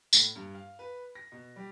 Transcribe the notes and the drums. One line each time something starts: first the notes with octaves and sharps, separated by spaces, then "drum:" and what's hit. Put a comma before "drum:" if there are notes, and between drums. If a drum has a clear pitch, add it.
A2, drum: tambourine
G2
F5
B4
A#6
B2
G3